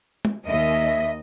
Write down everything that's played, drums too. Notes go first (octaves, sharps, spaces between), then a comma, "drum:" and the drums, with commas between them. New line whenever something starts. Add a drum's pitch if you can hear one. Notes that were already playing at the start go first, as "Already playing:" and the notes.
drum: tom
D#2 D#5 E5